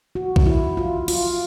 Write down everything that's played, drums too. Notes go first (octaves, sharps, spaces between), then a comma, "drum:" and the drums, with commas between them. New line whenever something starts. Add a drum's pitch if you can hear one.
F#4
drum: kick B1
E4
F4
F4, drum: cymbal